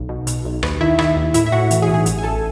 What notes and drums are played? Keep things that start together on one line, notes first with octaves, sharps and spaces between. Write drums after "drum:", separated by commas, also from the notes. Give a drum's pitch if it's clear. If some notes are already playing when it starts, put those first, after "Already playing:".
Already playing: B1
B2
B2, drum: hi-hat
B1
D#2 B4, drum: rim click
D#3 E4 E5
D#3 E4 E5, drum: rim click
D#2
A2 E4 E5, drum: hi-hat
E5
A2 F#4 F#5
E3, drum: hi-hat
G#4 G#5
B1
G#4 G#5
A1, drum: hi-hat
G#5
A1 A4 A5